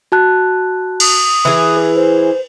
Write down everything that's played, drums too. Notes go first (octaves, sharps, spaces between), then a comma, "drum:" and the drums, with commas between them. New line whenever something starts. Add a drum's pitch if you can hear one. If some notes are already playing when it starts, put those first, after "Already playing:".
F#4 A5 F#6
D#6, drum: cymbal
E3 G#4
B4
C5